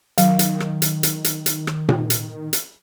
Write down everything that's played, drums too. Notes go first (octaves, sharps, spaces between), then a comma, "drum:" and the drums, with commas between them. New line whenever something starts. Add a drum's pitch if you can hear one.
D#3 F#3, drum: hi-hat
drum: hi-hat
drum: rim click
drum: hi-hat
drum: hi-hat
drum: hi-hat
drum: hi-hat
drum: rim click
drum: tom A#2
drum: hi-hat
drum: hi-hat